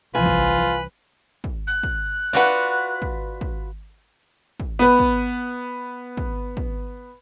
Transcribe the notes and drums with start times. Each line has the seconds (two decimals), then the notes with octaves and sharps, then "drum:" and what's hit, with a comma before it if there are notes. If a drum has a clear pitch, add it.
0.15 C2 E3 F4 B4 G#5
0.26 drum: kick
1.44 drum: kick
1.67 F#6
1.83 drum: kick
2.33 F4 F#4 B4 D5 F#5
3.02 drum: kick
3.41 drum: kick
4.60 drum: kick
4.79 B3 B4
4.99 drum: kick
6.17 drum: kick
6.57 drum: kick